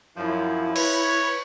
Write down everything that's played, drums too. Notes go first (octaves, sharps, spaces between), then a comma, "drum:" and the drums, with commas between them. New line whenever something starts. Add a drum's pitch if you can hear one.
F#2 F3 E4
B4 C#5, drum: cymbal